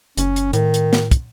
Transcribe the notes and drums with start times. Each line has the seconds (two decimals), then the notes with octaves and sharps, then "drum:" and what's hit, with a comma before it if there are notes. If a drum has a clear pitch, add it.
0.17 F#1 C#4, drum: hi-hat
0.36 drum: hi-hat
0.53 A2 D#3, drum: hi-hat
0.74 drum: hi-hat
0.93 drum: snare
1.11 drum: kick, hi-hat